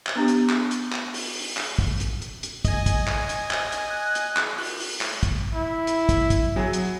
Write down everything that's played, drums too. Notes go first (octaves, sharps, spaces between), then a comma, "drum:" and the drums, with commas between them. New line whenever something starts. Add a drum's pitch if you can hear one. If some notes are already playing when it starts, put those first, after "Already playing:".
drum: clap
B3 D4 G4
drum: hi-hat
drum: clap
drum: hi-hat
drum: clap
drum: open hi-hat
drum: open hi-hat
drum: clap
drum: kick
drum: hi-hat
drum: hi-hat
drum: hi-hat
D#5 G#5, drum: kick, hi-hat
drum: kick, hi-hat
drum: clap
drum: hi-hat
drum: clap
drum: hi-hat
F#6
drum: hi-hat
drum: clap
drum: open hi-hat
drum: open hi-hat
drum: clap
drum: kick, hi-hat
E4
drum: hi-hat
drum: kick, hi-hat
drum: kick, hi-hat
F#3 G#4
drum: hi-hat